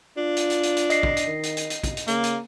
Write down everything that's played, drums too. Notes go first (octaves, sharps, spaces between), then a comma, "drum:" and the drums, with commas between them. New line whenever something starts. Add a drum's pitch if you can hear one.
D4 F4
drum: hi-hat
drum: hi-hat
drum: hi-hat
drum: hi-hat
D#5 C7, drum: hi-hat
drum: kick
drum: hi-hat
D#3
drum: hi-hat
drum: hi-hat
drum: hi-hat
drum: kick, hi-hat
drum: hi-hat
C#3 A#3, drum: hi-hat
drum: hi-hat